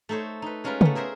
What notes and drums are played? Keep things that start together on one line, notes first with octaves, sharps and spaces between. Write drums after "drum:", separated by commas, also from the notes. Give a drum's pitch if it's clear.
A3 D#4 A4 C5 C#5
D#4 B4
G#3 C#4 F4 A#4 B4
A3 B3, drum: tom
G#4 A#4 C5 E5